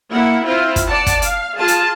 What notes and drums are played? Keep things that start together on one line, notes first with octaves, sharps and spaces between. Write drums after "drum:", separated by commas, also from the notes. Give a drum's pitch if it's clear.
A#3 E4 F#5
C4 E4 F4 C5
drum: kick, hi-hat
D5 F#5 A5
drum: kick, hi-hat
F5, drum: hi-hat
F4 G#4 A5
drum: hi-hat